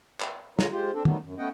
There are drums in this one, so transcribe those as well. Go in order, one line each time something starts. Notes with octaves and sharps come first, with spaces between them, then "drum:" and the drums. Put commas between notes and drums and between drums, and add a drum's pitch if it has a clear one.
drum: clap
D3 G#3 F4 C#5 A#5, drum: snare
G#3 F4 G4 C5
C4 D4 A4
D#3 F#3 G3 A3 B3, drum: tom
F#2
A3 B3 C#4 D#5 F#5 G5